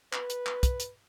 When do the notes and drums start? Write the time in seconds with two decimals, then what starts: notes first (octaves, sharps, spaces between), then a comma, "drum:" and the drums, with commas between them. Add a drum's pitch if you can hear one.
0.13 B4, drum: clap
0.30 drum: hi-hat
0.46 drum: clap
0.63 drum: kick, hi-hat
0.80 drum: hi-hat